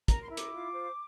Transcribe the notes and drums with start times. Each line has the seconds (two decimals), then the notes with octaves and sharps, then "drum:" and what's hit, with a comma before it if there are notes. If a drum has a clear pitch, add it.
0.08 A#4 A#5, drum: kick, hi-hat
0.22 C6
0.30 E4
0.37 D6, drum: hi-hat
0.52 F4
0.73 C5